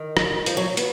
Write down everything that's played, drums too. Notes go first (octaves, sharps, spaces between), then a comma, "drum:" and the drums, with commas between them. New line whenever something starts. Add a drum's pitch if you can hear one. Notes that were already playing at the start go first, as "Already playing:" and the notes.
Already playing: D#3
drum: rim click
F3, drum: hi-hat
F#3
B3, drum: hi-hat